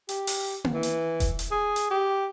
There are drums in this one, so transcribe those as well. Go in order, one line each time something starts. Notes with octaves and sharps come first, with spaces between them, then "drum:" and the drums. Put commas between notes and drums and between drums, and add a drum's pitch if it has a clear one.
G4, drum: hi-hat
drum: open hi-hat
drum: tom A#3
E3
drum: hi-hat
drum: kick E1, hi-hat
drum: hi-hat
G#4
drum: hi-hat
G4